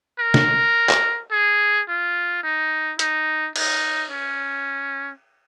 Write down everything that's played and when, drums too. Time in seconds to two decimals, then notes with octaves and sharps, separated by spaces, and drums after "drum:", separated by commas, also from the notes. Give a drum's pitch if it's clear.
0.20 A#4
0.34 drum: snare
0.89 drum: clap
1.31 G#4
1.88 F4
2.43 D#4
2.99 D#4, drum: hi-hat
3.56 D#4, drum: cymbal
4.11 C#4